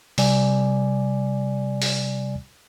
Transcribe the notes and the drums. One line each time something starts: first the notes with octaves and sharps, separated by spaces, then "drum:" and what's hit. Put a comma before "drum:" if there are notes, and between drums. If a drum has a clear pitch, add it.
C3 G3 D5 G#5, drum: open hi-hat
drum: open hi-hat